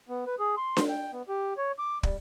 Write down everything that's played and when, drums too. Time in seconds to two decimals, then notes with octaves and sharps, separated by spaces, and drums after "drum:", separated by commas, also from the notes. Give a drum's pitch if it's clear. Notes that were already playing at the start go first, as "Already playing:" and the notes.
0.09 B3
0.26 B4
0.39 G#4
0.57 C6
0.77 drum: snare D4
0.89 G5
1.13 B3
1.28 G4
1.57 C#5
1.79 D6
2.03 G3, drum: kick